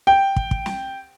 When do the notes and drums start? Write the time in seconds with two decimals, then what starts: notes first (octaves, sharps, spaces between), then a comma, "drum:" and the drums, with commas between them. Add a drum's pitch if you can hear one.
0.07 G5
0.36 drum: kick
0.51 drum: kick
0.66 drum: snare